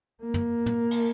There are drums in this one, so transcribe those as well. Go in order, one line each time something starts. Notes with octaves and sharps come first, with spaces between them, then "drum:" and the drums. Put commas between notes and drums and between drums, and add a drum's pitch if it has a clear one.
A#3
drum: tom
drum: tom
drum: cymbal